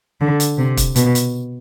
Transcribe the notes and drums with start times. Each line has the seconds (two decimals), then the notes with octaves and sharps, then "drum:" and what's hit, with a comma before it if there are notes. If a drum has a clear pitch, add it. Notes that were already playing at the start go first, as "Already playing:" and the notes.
0.21 D3
0.40 drum: hi-hat
0.58 C3
0.77 drum: kick, hi-hat
0.96 B2, drum: hi-hat
1.15 drum: hi-hat